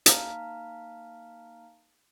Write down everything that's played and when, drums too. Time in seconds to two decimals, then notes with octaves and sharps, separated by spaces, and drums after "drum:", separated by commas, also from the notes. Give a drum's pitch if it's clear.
0.06 A#3 D#4 F5 A5 A#5 F6, drum: hi-hat